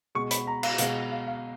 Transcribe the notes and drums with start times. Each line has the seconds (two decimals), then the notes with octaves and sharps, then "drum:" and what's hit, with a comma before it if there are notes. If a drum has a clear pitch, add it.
0.15 B2 G#3 C#6
0.31 B5, drum: hi-hat
0.47 A#5
0.63 F5, drum: cymbal
0.78 B2 G#3 F5, drum: hi-hat
1.11 F5
1.27 F5